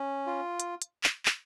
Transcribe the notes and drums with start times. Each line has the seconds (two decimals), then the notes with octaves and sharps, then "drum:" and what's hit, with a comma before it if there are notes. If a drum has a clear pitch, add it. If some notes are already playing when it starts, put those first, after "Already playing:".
Already playing: C#4
0.27 F4
0.60 drum: hi-hat
0.82 drum: hi-hat
1.04 drum: clap
1.26 drum: clap